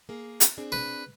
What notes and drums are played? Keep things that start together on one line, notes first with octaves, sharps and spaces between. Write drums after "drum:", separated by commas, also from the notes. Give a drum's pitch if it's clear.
A#3 G#4
drum: hi-hat
C4 D4 G#4
B4